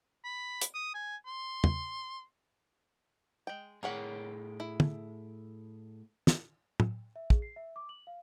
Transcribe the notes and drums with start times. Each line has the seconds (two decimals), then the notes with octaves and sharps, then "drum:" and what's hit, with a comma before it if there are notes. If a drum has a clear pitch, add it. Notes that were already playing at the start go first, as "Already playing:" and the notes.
0.25 B5
0.61 drum: hi-hat
0.75 D#6
0.95 G#5
1.26 C6
1.64 drum: tom
3.47 G#3 G5
3.83 A2 G#4 A#4 C#5 F#5 G5
4.60 E4
4.80 drum: tom
6.27 drum: snare
6.80 drum: tom
7.16 E5
7.30 G#4, drum: kick
7.42 C7
7.56 E5
7.76 D6
7.89 F#7
8.07 F5